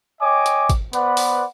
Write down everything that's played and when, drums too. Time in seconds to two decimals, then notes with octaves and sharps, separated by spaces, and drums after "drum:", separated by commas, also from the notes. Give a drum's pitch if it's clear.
0.21 C#5 D#5 G5 G#5 D6
0.46 drum: hi-hat
0.70 drum: kick G#1, hi-hat
0.93 B3 B4 C5 D5 F#5 B5, drum: hi-hat
1.17 drum: open hi-hat